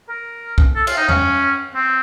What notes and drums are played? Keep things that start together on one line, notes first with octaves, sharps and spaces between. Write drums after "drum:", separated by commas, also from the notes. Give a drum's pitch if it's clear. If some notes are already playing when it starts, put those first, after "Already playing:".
A#4
drum: kick B1
A4
F4, drum: cymbal
D#4
C#4, drum: tom E2
C4